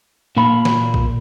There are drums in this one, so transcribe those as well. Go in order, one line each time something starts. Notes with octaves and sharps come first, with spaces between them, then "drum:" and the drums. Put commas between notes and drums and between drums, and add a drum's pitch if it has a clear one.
A#2 A#3 F5 B5
drum: snare
drum: kick